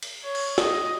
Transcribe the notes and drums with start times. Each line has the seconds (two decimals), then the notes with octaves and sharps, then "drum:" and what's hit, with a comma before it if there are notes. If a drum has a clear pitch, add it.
0.03 drum: cymbal
0.24 C#5
0.35 drum: cymbal
0.58 D#5, drum: snare